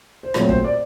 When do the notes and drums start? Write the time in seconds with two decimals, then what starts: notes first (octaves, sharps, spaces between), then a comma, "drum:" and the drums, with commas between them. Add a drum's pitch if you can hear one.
0.23 C5
0.34 A#2 F#3 A3 C4 C#5, drum: rim click
0.49 C5, drum: kick
0.64 D5